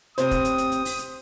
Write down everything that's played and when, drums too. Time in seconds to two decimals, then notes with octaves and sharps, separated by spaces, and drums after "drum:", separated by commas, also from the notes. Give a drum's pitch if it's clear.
0.18 A2 C3 C4 C5 D#6, drum: hi-hat
0.31 drum: kick, hi-hat
0.45 drum: hi-hat
0.58 drum: hi-hat
0.72 drum: hi-hat
0.85 drum: open hi-hat
0.99 drum: hi-hat